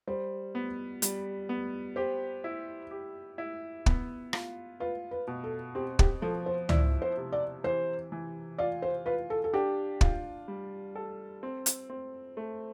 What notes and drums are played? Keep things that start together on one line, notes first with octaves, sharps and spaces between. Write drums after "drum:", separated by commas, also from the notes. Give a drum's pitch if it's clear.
G3 C5
B3
G3, drum: hi-hat
B3
G4 C5
E4
G4
E4
B3, drum: kick
F4, drum: rim click
F4 B4
B4
B2
A4
C4 G4
G4, drum: kick
F3 A4
C5
E4 D5, drum: tom C#2
C5
C3
D5
E3 C5
E3
F4 D5
C5
F4 B4
A4
A4
D4 G4
F4, drum: kick
G3
A4
C4
drum: hi-hat
C4
A3